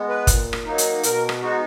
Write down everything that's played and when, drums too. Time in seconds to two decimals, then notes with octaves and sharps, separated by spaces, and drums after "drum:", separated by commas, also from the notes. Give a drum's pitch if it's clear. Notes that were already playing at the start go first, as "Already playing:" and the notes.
Already playing: G#3 B3
0.09 B4
0.27 A#2, drum: kick, hi-hat
0.53 drum: rim click
0.66 F#3 A#3 D#4
0.78 drum: hi-hat
1.03 B2 A#4, drum: hi-hat
1.29 drum: rim click
1.42 G#3 B3 D#4 F#4